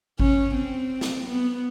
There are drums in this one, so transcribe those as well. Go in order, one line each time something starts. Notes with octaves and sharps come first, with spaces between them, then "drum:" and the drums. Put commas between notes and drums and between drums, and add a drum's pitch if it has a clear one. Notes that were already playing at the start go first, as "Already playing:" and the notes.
C#4, drum: kick G#1
C4
drum: snare
B3